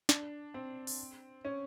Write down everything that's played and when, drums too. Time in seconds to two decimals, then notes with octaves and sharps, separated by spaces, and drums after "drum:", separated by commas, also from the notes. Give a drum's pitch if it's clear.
0.09 D4, drum: snare
0.54 C4
0.87 drum: open hi-hat
1.45 C#4